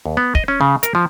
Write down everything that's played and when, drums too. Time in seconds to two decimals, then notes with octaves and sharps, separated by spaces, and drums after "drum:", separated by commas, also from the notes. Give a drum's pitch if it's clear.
0.06 D#2
0.17 B3
0.35 D#5, drum: kick
0.48 C#4
0.61 C#3
0.83 A#4, drum: hi-hat
0.95 F3